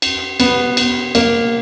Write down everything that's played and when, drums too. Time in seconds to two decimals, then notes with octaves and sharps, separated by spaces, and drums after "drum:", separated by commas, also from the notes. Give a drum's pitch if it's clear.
0.02 drum: cymbal
0.40 B3, drum: cymbal
0.77 drum: cymbal
1.15 A#3, drum: cymbal